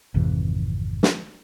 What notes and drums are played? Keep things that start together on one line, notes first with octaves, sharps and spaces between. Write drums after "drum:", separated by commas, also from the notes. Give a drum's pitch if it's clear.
G#1 F2 C3 E3
drum: snare